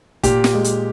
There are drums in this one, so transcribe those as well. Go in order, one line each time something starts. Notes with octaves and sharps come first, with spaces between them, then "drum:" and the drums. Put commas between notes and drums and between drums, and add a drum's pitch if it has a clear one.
A#2 G4, drum: kick, hi-hat
drum: snare
G#3
drum: hi-hat